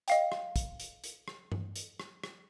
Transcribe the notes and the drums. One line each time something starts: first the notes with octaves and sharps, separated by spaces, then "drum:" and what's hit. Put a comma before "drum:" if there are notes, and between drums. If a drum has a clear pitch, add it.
D#5 F5 G5, drum: hi-hat
drum: rim click
drum: kick, hi-hat
drum: hi-hat
drum: hi-hat
drum: rim click
drum: tom G2
drum: hi-hat
drum: rim click
drum: rim click